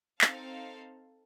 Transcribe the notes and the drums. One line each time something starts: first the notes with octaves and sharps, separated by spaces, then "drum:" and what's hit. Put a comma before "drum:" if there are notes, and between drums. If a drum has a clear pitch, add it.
C4 D#4 A4 F5, drum: clap